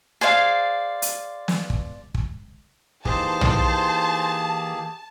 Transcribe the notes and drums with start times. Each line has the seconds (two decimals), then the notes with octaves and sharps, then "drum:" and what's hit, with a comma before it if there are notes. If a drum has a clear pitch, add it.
0.21 G#4 C5 D5 F5
1.02 drum: hi-hat
1.48 drum: snare
1.70 drum: kick
2.14 drum: kick
3.05 E3 A#3 D#4 G4 G#4 C5 A5, drum: kick
3.41 drum: tom